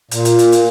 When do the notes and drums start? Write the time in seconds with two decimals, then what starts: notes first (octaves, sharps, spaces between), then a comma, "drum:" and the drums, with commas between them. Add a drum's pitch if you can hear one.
0.11 A#2, drum: hi-hat
0.25 drum: hi-hat
0.39 drum: hi-hat
0.52 drum: hi-hat